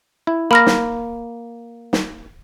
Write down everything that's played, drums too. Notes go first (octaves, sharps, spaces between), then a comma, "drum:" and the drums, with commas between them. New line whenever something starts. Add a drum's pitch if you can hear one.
E4
A#3 B5 F6 A#6
drum: snare
drum: snare